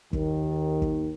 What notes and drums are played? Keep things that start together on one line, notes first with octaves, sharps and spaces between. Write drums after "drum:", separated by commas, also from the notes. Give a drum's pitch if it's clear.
D#2 D#3, drum: kick
drum: kick